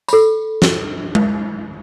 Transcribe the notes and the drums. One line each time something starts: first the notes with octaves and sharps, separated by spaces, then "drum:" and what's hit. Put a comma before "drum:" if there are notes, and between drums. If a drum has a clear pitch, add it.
A4 B5, drum: tambourine
drum: snare
drum: tom G#3